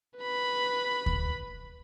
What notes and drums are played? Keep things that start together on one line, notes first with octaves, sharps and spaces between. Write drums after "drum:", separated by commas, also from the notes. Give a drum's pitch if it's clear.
B4 B5
drum: kick D2